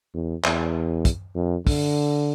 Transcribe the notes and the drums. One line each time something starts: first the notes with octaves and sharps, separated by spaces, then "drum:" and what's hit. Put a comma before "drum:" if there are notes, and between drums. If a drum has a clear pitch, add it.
E2
E2, drum: clap
drum: kick, hi-hat
F2
D3, drum: kick, open hi-hat